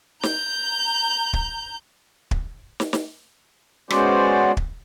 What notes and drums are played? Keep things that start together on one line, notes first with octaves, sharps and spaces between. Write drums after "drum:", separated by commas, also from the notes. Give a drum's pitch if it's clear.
A#5 G6, drum: snare
drum: kick
drum: kick
drum: snare
drum: snare
G#3 B3 C#4 F#4 C5 D5, drum: rim click
drum: kick